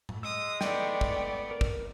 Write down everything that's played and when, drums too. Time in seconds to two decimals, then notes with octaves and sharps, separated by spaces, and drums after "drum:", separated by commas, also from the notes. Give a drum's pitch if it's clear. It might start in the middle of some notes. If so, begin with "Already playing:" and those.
0.09 drum: tom A2
0.23 G#3 D#6 E6
0.61 A3 B3 D5 G5, drum: snare
1.01 drum: kick
1.51 A#4
1.61 drum: kick